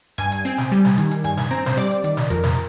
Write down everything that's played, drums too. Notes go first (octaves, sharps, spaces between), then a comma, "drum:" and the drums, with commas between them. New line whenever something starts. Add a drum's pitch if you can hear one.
G2 G#5, drum: hi-hat
drum: hi-hat
C4, drum: hi-hat
drum: snare
G3
drum: snare
D#3, drum: hi-hat
drum: hi-hat
G2 G#5, drum: hi-hat
G#5, drum: snare
C4 A#5
C5, drum: snare
G3 D5, drum: hi-hat
drum: hi-hat
D#3, drum: hi-hat
drum: snare
F2 A#4, drum: hi-hat
drum: snare